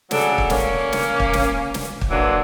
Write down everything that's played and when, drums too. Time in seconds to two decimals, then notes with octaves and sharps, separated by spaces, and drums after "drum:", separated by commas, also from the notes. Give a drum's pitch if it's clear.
0.11 C#3 F#3 D4 A4, drum: snare
0.38 drum: kick
0.50 A#3 C#4, drum: snare
0.92 drum: snare
1.20 drum: kick
1.33 drum: snare
1.74 drum: snare
2.01 drum: kick
2.10 D3 E3 F#3 A#3 D4